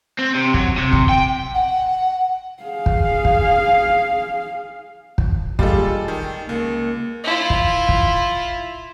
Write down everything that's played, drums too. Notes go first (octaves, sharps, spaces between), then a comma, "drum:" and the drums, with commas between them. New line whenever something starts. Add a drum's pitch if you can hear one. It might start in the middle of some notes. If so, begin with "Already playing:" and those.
C4
C3
F#3, drum: kick
C3
drum: kick
G5
F#5
G#4 F5
drum: kick
drum: kick
drum: kick
G3 G#3 F4 A4, drum: kick
D#3
C#2 A#3
E4 F4
drum: kick
drum: kick